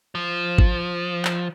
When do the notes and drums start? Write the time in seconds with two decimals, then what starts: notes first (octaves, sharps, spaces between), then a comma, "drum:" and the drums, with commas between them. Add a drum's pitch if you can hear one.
0.15 F3
0.58 drum: kick
1.25 drum: clap